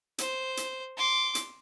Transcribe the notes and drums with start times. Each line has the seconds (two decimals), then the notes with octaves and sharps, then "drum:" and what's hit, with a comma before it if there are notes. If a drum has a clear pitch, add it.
0.18 C5, drum: hi-hat
0.57 drum: hi-hat
0.97 C6 D6
1.35 drum: hi-hat